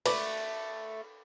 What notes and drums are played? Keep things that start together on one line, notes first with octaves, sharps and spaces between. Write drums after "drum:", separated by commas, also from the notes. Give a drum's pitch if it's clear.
A3 B4 D5, drum: cymbal